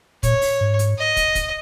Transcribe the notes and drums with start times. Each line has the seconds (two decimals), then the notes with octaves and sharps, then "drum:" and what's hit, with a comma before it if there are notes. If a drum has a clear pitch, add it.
0.23 A#2 C#5, drum: kick, hi-hat
0.41 drum: open hi-hat
0.61 G#2
0.79 drum: hi-hat
0.98 D#5
1.16 drum: kick, hi-hat
1.35 drum: kick, hi-hat